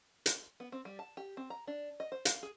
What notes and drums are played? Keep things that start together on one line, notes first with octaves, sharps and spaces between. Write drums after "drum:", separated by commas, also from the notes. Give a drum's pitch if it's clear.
drum: hi-hat
B3
C4
G3
A5
G4
C4
A#5
D4
D#5
C5
F5, drum: hi-hat
G#4